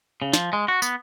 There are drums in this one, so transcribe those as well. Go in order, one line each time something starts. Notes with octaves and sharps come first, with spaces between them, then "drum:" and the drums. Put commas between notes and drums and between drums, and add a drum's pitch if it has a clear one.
C#3
F3, drum: snare
G#3
F#4
B3, drum: tambourine